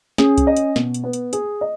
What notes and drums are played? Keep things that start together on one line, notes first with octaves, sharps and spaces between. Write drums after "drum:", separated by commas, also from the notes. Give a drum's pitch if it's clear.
C#4 G#4, drum: snare
drum: kick C2, hi-hat
D#5
drum: hi-hat
B2, drum: snare
drum: hi-hat
B3
drum: hi-hat
G#4, drum: hi-hat
D#5